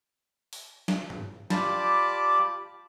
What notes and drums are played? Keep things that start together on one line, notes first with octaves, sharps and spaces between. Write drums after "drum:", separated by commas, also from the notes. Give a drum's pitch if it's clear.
drum: open hi-hat
drum: snare
drum: tom G2
F4 G4 D5 A5 B5 D6, drum: snare